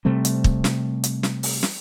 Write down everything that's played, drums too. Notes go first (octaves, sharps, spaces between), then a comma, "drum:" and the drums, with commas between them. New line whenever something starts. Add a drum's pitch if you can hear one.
C3 G3 A3 C4
drum: hi-hat
drum: kick
drum: snare
drum: hi-hat
drum: snare
drum: open hi-hat
drum: snare